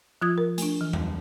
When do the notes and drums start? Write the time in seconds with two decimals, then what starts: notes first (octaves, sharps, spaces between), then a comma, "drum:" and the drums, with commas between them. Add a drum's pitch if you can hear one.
0.21 F3 F4 D#6 G#6
0.38 A#4
0.58 A3 D4, drum: hi-hat
0.81 E3
0.93 drum: tom E2